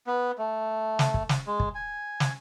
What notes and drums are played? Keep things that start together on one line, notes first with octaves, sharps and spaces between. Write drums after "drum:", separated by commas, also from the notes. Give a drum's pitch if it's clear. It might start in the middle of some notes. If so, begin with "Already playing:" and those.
B3
A3
drum: snare
drum: kick
drum: snare
G#3
drum: kick
G#5
drum: snare